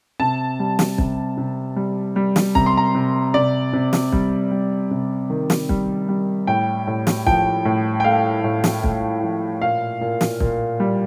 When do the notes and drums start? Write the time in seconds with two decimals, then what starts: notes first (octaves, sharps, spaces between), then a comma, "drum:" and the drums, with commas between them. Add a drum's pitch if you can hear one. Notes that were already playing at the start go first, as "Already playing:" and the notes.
0.20 C3 A5
0.60 G3
0.79 drum: snare
0.98 C3, drum: kick
1.38 C3
1.76 G3
2.16 G3
2.36 drum: snare
2.55 C3 A#5, drum: kick
2.66 C6
2.77 A#5
2.95 C3
3.34 C3 D5
3.73 C3
3.93 drum: snare
4.12 G3, drum: kick
4.51 G3
4.91 C3
5.30 D#3
5.50 drum: snare
5.69 G3, drum: kick
6.09 G3
6.47 A2 G5
6.87 A2
7.07 drum: snare
7.27 F3 G5, drum: kick
7.65 A2
8.00 G5
8.04 A3 F5
8.44 A2
8.64 drum: snare
8.84 A3, drum: kick
9.23 F3
9.62 A#2 F5
10.01 A#2
10.21 drum: snare
10.40 A#2, drum: kick
10.80 G3